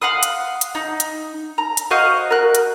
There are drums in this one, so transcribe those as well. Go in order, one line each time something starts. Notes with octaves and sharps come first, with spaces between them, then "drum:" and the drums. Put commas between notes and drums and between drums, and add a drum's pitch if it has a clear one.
F5 F#5 C6 D#6
drum: hi-hat
drum: hi-hat
D#4
drum: hi-hat
A#5
drum: hi-hat
F#4 C5 D#5 F5
A#4 F#6
drum: hi-hat